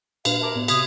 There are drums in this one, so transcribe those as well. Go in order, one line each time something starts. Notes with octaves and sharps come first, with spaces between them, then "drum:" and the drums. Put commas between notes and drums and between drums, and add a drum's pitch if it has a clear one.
A#2 D4 B4 F5, drum: cymbal
A#4 E5 A5 D6
A2 B3 D5
C3 D#6 G#6 B6, drum: cymbal